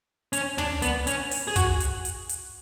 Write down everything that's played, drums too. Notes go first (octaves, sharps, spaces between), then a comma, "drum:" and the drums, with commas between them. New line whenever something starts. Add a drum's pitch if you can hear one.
C#4, drum: hi-hat
D4, drum: tom
B3, drum: hi-hat
C#4, drum: hi-hat
drum: open hi-hat
G#4
F#4, drum: kick, hi-hat
drum: hi-hat
drum: hi-hat
drum: hi-hat